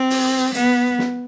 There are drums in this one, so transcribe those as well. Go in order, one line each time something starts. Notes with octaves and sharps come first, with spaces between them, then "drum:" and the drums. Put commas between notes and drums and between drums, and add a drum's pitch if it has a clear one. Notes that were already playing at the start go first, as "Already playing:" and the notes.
Already playing: C4
drum: open hi-hat
B3, drum: hi-hat
drum: snare